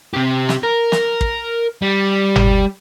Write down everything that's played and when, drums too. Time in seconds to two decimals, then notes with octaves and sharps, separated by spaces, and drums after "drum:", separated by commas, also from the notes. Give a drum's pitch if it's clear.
0.14 C3 G4
0.49 drum: snare
0.63 A#4
0.92 drum: snare
1.21 drum: kick
1.82 G3
2.36 drum: tom G1